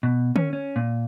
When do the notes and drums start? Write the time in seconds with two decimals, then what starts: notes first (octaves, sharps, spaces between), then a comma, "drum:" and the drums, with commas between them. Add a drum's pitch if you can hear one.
0.03 B2
0.36 C#4, drum: tom D3
0.53 C#4
0.76 A#2